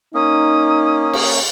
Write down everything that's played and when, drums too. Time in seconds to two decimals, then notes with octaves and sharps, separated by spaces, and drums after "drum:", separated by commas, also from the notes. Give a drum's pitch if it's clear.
0.14 A#3 C#4 D#4 D#6
1.13 drum: cymbal